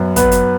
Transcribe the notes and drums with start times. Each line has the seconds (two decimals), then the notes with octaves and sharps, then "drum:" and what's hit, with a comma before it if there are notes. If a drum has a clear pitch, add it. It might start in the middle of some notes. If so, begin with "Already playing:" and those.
Already playing: F#2 B3
0.16 B3 B4, drum: kick, hi-hat
0.32 drum: hi-hat